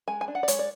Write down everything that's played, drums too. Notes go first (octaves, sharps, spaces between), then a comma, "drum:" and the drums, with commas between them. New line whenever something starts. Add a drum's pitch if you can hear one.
G#3 G#5
G#5
D4
F#5
D5
G#3 C#5, drum: hi-hat
D5